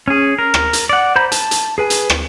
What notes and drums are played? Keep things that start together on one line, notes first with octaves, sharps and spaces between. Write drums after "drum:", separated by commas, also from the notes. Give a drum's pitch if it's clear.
C#4 G#4
A#4
drum: rim click
drum: hi-hat
D5 F#5
C5 A#5 B5 G6
A5, drum: hi-hat
drum: hi-hat
G#4 B4 G#5
drum: hi-hat
drum: rim click